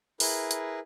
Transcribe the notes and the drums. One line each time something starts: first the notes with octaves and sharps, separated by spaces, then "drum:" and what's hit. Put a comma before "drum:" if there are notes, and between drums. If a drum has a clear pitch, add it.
E4 G#4 A#4 B4, drum: open hi-hat
drum: hi-hat